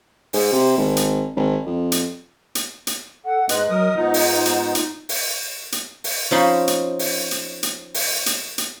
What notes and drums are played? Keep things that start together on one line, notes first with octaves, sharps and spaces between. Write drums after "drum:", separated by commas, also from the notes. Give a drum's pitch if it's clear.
G#2, drum: open hi-hat
C3
G#1
drum: hi-hat
G#1
F2
drum: hi-hat
drum: hi-hat
drum: hi-hat
A4 F#5
G#2 G#3 B4 D#5 F#6, drum: hi-hat
F#3 A#4 D#6
G#2 B3 D#4 F4
drum: open hi-hat
drum: hi-hat
D#4, drum: hi-hat
drum: open hi-hat
drum: hi-hat
drum: open hi-hat
F3 C#4 D#4 B5 C6
drum: hi-hat
drum: open hi-hat
drum: hi-hat
drum: hi-hat
drum: open hi-hat
drum: hi-hat
drum: hi-hat